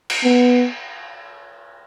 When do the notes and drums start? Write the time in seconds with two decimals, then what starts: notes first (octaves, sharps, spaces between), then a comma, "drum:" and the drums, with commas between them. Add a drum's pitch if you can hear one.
0.10 drum: cymbal
0.24 B3